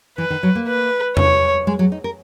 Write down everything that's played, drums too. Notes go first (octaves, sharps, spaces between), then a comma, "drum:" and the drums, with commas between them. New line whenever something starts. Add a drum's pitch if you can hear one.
E3 B4
D#3
F#3
A#3
B4
C#5, drum: tom E2
G#3
F#3
D#4
A#4